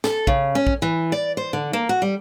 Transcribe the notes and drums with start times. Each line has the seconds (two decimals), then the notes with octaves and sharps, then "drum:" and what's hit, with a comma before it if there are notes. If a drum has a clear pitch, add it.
0.04 A4, drum: snare
0.27 C#3, drum: kick A#1
0.55 C#4
0.67 drum: kick A#1
0.82 E3
1.12 D5
1.37 C5
1.53 D3
1.73 A#3
1.89 F#4
2.02 G3